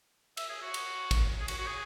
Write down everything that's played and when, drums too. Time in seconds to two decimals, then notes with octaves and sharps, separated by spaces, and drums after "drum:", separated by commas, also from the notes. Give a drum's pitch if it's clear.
0.37 E5, drum: cymbal
0.50 G#4
0.62 F#4
0.74 drum: cymbal
1.11 drum: kick, cymbal
1.40 G#4
1.48 F#4, drum: cymbal
1.58 F#4
1.66 G#4